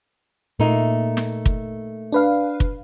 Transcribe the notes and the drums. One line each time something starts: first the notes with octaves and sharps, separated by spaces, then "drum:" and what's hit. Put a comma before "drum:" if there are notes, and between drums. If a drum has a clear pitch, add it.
A#2 A3 A#3 D#4
drum: snare
drum: kick
D4 B4 F5
drum: kick